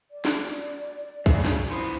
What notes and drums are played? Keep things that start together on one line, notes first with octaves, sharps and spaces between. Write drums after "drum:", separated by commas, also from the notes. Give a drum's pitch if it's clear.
D5
drum: snare
G2 C#3, drum: kick
drum: snare
F3 B3 E4